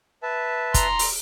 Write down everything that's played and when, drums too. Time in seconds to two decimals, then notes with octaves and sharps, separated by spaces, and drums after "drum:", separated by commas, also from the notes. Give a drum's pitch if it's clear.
0.23 B4 E5 A5
0.74 A#5 C6, drum: kick, hi-hat
0.99 drum: open hi-hat